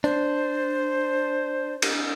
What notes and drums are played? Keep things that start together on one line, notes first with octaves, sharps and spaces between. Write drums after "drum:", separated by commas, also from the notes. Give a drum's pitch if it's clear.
D4 C5
drum: cymbal